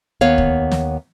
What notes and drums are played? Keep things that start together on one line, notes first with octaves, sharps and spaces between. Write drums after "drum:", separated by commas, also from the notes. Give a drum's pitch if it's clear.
D#2 B3 C#5 F5
drum: kick
drum: snare